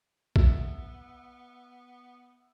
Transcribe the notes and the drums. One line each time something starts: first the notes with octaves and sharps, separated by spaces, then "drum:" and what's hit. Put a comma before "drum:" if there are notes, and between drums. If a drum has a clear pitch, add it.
B3 E5, drum: kick B1